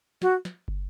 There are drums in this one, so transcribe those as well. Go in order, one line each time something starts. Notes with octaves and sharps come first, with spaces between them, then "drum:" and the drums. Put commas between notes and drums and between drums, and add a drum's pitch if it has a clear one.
F#4, drum: snare
drum: snare
drum: kick